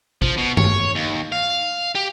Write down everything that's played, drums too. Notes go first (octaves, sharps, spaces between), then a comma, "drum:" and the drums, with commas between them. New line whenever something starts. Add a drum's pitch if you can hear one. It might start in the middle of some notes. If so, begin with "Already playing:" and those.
F3, drum: kick
B2
C#5, drum: tom G2
D#2
F5
G4